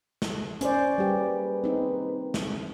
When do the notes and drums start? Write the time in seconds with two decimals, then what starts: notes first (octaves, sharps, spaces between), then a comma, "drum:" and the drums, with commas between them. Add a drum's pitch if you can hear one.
0.22 drum: snare
0.61 C#4 C5 D5, drum: hi-hat
0.98 G3 A#3 G4 G#4 B4
1.64 C4 D#4
2.34 drum: snare